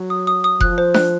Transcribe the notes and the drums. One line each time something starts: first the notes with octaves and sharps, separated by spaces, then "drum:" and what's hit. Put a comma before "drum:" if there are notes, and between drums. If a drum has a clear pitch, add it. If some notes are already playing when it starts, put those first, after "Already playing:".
Already playing: F#3
D#6
D#6
D#6
F3 F#6, drum: kick F1
C5
F#6, drum: snare D4